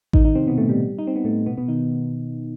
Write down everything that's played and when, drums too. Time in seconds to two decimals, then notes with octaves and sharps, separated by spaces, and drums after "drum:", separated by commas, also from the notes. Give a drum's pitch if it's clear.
0.13 D#3 D#4, drum: kick A1
0.24 D#3 D#4
0.35 C3 C4
0.47 B2 B3
0.58 A2 A3
0.69 G3
0.98 D#4
1.07 C4
1.16 B3
1.24 A2 A3
1.46 B2 B3
1.57 B2 B3
1.68 D#3 D#4